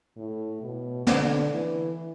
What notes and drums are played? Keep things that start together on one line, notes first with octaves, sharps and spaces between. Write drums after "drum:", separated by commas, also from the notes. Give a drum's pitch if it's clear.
A2
B2
D3, drum: snare
E3